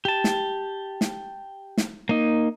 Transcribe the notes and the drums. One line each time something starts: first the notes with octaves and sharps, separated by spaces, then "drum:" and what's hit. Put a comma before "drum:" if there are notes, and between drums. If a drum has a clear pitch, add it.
G4 A5
drum: snare
drum: snare
drum: snare
A#3 D#4